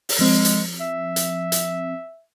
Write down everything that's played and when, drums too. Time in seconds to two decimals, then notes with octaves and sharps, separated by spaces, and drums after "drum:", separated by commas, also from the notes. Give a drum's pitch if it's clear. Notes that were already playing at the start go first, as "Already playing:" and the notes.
0.09 drum: open hi-hat
0.19 F3 G#3 C4
0.45 drum: hi-hat
0.80 E5
1.16 drum: hi-hat
1.52 drum: hi-hat